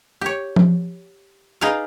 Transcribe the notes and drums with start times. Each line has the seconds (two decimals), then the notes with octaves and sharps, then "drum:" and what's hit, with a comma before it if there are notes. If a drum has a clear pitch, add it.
0.21 G4 C#5
0.56 drum: tom F3
1.61 D#4 G#4 B4 D5 F5